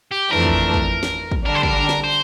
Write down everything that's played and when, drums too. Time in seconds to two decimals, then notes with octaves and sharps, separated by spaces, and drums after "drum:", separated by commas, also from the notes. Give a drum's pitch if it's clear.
0.12 G4
0.31 F2 E3 A3 D4 A#4
0.45 drum: kick
0.74 drum: kick
1.03 drum: snare
1.31 drum: kick
1.45 D3 G3 D4 A#4
1.55 C5
1.63 A#4, drum: kick
1.89 drum: snare
2.04 C5